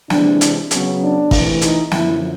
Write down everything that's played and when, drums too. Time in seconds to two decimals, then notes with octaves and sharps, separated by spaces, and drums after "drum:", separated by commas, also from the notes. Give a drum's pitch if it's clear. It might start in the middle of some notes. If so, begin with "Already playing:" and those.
0.10 C3 E3 G#3 D4, drum: snare
0.41 drum: hi-hat
0.71 C#3 F#3 B3 C#4, drum: hi-hat
1.01 D4
1.31 C3 E3 A3, drum: kick, open hi-hat
1.61 D#4, drum: hi-hat
1.91 F#2 D3 F3 E4, drum: snare